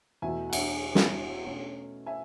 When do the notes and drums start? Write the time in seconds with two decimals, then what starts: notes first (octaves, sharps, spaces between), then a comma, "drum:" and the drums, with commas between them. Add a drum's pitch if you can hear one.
0.22 E2 B2 A3 E5 G#5
0.50 F#5
0.53 E5 G#5, drum: cymbal
0.95 drum: snare
1.45 B2 A3 C#4
2.06 E5 G#5